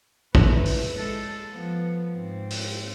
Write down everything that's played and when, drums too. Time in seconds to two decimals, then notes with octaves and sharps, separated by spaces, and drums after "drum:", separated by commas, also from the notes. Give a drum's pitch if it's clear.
0.35 E4 B4, drum: kick
0.65 drum: open hi-hat
0.94 G#3 A4
1.53 F3 B3
2.13 G#2 C4
2.50 drum: open hi-hat